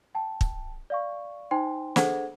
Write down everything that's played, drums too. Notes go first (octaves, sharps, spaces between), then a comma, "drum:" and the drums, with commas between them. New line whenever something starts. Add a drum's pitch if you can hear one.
G5 A5
drum: kick
D5 F5 C#6
D#4 C5 G5 G#5 C6
D4 G#4 A4 C5 F#5 G#6, drum: snare